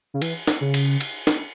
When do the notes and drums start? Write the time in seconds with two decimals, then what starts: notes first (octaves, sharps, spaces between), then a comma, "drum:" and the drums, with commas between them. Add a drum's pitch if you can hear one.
0.14 C#3
0.22 E3, drum: cymbal
0.47 drum: snare
0.61 C#3
0.74 drum: cymbal
1.01 drum: cymbal
1.27 drum: snare